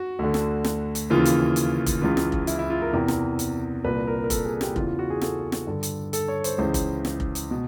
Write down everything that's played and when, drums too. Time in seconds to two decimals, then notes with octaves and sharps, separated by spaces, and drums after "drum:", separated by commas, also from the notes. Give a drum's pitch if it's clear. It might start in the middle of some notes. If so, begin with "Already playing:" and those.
Already playing: F#4
0.19 D2 D3
0.34 drum: snare
0.64 drum: snare
0.95 drum: hi-hat
1.10 D#2 C#3 E3 F4
1.25 drum: hi-hat
1.56 drum: hi-hat
1.86 drum: kick F1, hi-hat
2.02 C#2 C#3 E3 F4
2.17 drum: snare
2.32 drum: kick F1
2.47 E4, drum: hi-hat
2.59 E4
2.70 F4
2.82 A#4
2.93 E2 C3 E3 A#4
3.08 drum: snare
3.39 drum: hi-hat
3.85 C2 A#2 B4
4.07 A#4
4.24 A#4
4.30 A4, drum: kick F1, hi-hat
4.45 G#4
4.61 G4, drum: snare
4.76 E2 C#3 E3 F4, drum: kick F1
4.87 F4
4.99 F#4
5.10 G#4
5.22 A4, drum: snare
5.52 drum: snare
5.67 G2 D3
5.83 drum: hi-hat
6.13 A4, drum: hi-hat
6.28 C#5
6.44 C5, drum: hi-hat
6.58 C#2 C#3 E3 C5
6.74 drum: kick F1, hi-hat
7.05 drum: snare
7.20 drum: kick F1
7.35 drum: hi-hat
7.51 B2